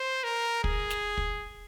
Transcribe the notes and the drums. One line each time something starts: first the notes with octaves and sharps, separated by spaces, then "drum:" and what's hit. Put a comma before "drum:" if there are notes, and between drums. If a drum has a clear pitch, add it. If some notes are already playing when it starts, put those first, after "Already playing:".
Already playing: C5
A#4
G#4, drum: kick
drum: snare
drum: kick